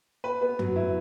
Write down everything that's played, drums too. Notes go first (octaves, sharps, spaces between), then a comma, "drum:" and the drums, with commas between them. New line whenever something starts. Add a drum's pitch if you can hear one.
B4
B3
F#3, drum: tom
E4